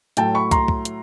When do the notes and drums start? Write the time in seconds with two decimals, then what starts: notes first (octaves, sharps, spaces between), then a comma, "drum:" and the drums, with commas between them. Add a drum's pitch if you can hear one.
0.17 A2 F#3 A3 G5 A5, drum: hi-hat
0.35 B5 C#6
0.51 A#5 C6, drum: kick, hi-hat
0.68 drum: kick
0.85 drum: hi-hat